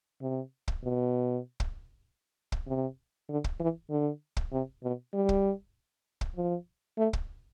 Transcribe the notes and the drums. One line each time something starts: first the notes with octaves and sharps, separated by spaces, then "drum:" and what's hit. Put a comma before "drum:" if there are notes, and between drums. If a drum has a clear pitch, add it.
C3
drum: kick
B2
drum: kick
drum: kick
C3
D3
drum: kick
E3
D3
drum: kick
C3
B2
G3
drum: kick
drum: kick
F3
A3
drum: kick